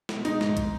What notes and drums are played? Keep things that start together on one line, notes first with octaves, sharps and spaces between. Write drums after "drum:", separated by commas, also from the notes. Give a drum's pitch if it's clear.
B2, drum: snare
G#3 D#4, drum: open hi-hat
G#2, drum: snare
drum: kick, hi-hat